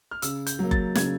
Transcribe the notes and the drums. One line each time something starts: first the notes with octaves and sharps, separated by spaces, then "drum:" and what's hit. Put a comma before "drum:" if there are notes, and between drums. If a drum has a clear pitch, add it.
F6
C#3 E6, drum: hi-hat
G6, drum: hi-hat
F#3 A#3
A6, drum: kick F#1
C#3 G#6, drum: snare